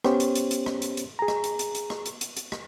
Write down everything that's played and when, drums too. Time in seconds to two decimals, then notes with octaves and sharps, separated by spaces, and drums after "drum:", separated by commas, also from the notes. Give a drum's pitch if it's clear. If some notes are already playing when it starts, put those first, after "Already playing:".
0.04 B3 C#4 G4 C5 C#5, drum: rim click
0.20 drum: hi-hat
0.35 drum: hi-hat
0.51 drum: hi-hat
0.66 drum: rim click
0.82 drum: hi-hat
0.97 drum: hi-hat
1.19 G#4 A#5
1.28 drum: rim click
1.44 drum: hi-hat
1.59 drum: hi-hat
1.75 drum: hi-hat
1.90 drum: rim click
2.06 drum: hi-hat
2.21 drum: hi-hat
2.37 drum: hi-hat
2.52 drum: rim click